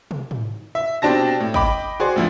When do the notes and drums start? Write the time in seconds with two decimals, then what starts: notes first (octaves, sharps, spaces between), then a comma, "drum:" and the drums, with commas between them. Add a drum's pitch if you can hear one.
0.11 drum: tom
0.31 drum: tom
0.75 E5
1.02 B2 C4 D4 G4 A5 A#6
1.40 A2
1.54 D#5 G5 B5 D6, drum: kick
2.00 F#4 G#4 C5 D5
2.16 G#1 D2 F3